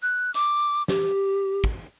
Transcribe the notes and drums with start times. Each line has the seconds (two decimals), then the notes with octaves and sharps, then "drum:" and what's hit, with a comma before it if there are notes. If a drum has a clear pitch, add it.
0.02 F#6
0.34 D6, drum: hi-hat
0.88 G4, drum: snare
1.64 drum: kick